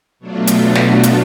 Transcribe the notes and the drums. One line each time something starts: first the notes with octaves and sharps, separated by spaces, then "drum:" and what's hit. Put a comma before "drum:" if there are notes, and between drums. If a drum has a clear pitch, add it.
B2 F#3 A3 D4 F4
drum: hi-hat
drum: snare
drum: hi-hat